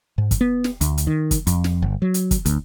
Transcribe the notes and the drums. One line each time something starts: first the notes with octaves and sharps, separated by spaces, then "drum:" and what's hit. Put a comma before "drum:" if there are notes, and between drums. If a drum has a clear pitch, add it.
G#2
drum: kick, hi-hat
B3
drum: snare
D2, drum: hi-hat
drum: hi-hat
D#3
drum: kick, hi-hat
F2, drum: hi-hat
drum: snare
G1
F#3
drum: hi-hat
drum: kick, hi-hat
D2, drum: hi-hat